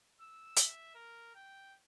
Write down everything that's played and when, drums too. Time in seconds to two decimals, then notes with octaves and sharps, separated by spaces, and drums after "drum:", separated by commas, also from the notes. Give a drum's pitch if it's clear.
0.20 E6
0.57 E5, drum: hi-hat
0.95 A#4
1.35 G5